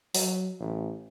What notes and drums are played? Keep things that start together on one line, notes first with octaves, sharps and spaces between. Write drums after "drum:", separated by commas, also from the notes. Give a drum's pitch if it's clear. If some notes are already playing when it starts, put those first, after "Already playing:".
F#3, drum: open hi-hat
A1